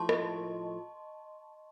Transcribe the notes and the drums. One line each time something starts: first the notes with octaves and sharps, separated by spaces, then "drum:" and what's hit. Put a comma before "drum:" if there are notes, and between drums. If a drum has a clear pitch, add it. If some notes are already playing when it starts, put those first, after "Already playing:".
Already playing: A2 F3 A3 A5 C6 C#6
D#5, drum: rim click